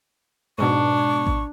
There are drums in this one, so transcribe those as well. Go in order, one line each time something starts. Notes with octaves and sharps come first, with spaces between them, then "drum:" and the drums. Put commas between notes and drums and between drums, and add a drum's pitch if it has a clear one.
G#2 B2 D4 C#6
drum: kick A1